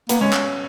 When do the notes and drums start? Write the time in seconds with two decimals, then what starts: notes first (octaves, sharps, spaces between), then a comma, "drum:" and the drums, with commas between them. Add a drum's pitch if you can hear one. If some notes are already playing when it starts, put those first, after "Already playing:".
0.09 A#3 B3, drum: hi-hat
0.20 G#3 C#4
0.33 drum: clap